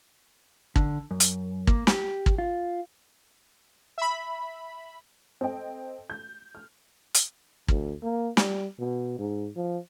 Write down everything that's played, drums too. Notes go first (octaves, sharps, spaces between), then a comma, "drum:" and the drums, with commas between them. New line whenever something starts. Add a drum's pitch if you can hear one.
D3, drum: kick
F#2
drum: hi-hat
A#3, drum: kick
G4, drum: snare
drum: kick
F4
E5 B5
C4 A4 D#5 G5
G6
F6
drum: hi-hat
D2, drum: kick
A#3
G3, drum: snare
B2
G#2
F3